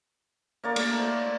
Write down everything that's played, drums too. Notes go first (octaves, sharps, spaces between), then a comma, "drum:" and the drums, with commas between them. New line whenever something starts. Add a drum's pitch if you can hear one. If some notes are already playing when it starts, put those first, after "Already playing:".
A#3 A#4 C#5 D5
A3, drum: cymbal
C5